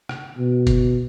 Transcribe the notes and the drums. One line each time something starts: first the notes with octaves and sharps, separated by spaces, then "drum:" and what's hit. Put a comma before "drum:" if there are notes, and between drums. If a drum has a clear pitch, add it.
drum: rim click
B2
drum: kick F#1, hi-hat